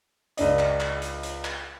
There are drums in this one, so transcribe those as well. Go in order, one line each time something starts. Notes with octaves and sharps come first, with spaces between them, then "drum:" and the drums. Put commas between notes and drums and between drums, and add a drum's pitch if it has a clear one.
C#2 D4 D#5, drum: hi-hat
drum: clap
drum: clap
drum: hi-hat
drum: hi-hat
drum: clap